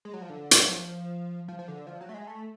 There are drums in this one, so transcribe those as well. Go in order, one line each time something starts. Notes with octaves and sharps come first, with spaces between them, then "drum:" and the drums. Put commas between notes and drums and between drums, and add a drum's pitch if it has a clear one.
G#3
F#3
F3
D3
G#3, drum: hi-hat
F#3
F3
F3
F3
D3
F3
F#3
A3
G#3
A3